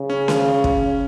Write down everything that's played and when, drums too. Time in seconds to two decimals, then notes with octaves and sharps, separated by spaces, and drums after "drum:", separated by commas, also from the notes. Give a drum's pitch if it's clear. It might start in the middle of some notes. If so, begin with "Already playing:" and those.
Already playing: C#3
0.10 C#4
0.28 drum: snare C#4
0.64 drum: kick